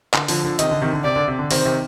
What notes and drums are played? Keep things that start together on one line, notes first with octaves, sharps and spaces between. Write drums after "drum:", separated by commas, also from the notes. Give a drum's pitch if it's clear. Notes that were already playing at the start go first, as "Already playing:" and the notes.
D3, drum: clap
D3 F3, drum: open hi-hat
D3 F3
C3 D#3 D#5, drum: hi-hat
D3
C3 D#3
D3
C3 D5
D3
C3
D3
C3 D#3 C5, drum: open hi-hat
C3 D#3